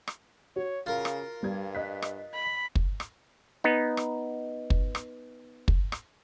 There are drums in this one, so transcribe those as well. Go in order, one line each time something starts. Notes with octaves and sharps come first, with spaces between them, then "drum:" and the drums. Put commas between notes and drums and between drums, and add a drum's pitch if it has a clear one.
drum: rim click
F#4 C#5
C#3 F4 A#4
drum: rim click
G2 G3 G#6
D#5 F#6 B6
drum: rim click
B5
drum: kick
drum: rim click
B3 D#4
drum: rim click
drum: kick
drum: rim click
drum: kick
drum: rim click